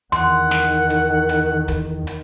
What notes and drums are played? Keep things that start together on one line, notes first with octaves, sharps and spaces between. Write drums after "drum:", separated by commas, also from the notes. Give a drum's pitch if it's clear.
E2 D#3 F#5 C6, drum: hi-hat
drum: snare
drum: hi-hat
drum: hi-hat
drum: kick, hi-hat
drum: hi-hat